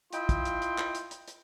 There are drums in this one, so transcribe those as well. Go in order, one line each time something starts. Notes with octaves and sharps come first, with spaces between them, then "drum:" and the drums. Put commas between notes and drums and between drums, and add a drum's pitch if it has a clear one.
E4 F4 D#5 G5 C6, drum: hi-hat
drum: kick, hi-hat
drum: hi-hat
drum: hi-hat
drum: clap
drum: hi-hat
drum: hi-hat
drum: hi-hat